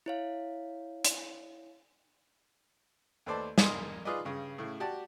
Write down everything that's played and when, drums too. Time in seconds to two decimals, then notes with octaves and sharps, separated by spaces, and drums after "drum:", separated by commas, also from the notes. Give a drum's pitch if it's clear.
0.06 E4 C#5 F5
1.05 drum: hi-hat
3.26 D#2 A3 B4 C5 D5 A5
3.58 B1 G2 A#4 D#5 G#5 C6, drum: snare
4.05 D#4 F4 G#4 B4 D5 D#5
4.25 G2 C#3
4.58 A2 C#3
4.80 F#4 G4 D5 A5